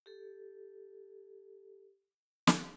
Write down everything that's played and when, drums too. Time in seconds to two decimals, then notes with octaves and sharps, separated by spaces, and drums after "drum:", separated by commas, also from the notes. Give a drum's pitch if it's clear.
0.06 G4 A4
2.47 drum: snare